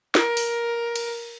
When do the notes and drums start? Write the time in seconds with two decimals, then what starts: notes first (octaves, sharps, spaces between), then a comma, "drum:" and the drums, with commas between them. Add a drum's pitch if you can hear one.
0.15 A#4, drum: snare
0.37 drum: open hi-hat
0.96 drum: cymbal